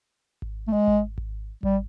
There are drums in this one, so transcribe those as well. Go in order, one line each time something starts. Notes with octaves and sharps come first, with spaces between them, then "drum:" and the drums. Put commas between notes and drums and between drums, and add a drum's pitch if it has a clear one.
drum: kick G#1
A3
G#3
drum: kick G#1
drum: kick G#1
G3, drum: kick G#1